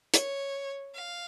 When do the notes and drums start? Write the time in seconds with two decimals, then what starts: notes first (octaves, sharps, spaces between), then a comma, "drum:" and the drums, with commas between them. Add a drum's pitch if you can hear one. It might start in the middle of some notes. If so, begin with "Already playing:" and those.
0.14 C#5, drum: hi-hat
0.94 F5